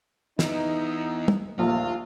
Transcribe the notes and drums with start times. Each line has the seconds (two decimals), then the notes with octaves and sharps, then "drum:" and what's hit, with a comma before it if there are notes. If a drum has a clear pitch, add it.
0.39 E3 B3 D#4, drum: snare
1.28 drum: tom
1.59 A#1 D#2 A3 F4